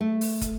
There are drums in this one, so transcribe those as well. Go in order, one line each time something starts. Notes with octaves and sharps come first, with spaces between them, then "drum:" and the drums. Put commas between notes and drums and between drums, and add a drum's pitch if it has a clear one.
A3
drum: open hi-hat
drum: kick, hi-hat